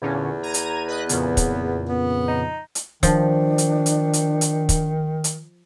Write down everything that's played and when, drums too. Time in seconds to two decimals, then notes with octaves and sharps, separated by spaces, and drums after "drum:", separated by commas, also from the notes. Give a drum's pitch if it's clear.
0.02 E2 A#2 D3 C#4
0.43 A#5 G#6 D#7
0.54 drum: hi-hat
0.88 B4 D#5 F#6
1.09 F2 A#2 C#3 B3, drum: hi-hat
1.37 drum: kick, hi-hat
1.88 B3
2.28 D#4
2.75 drum: hi-hat
3.03 D#3 F3 D4, drum: kick, hi-hat
3.58 drum: hi-hat
3.86 drum: hi-hat
4.13 drum: hi-hat
4.41 drum: hi-hat
4.69 drum: kick, hi-hat
5.24 drum: hi-hat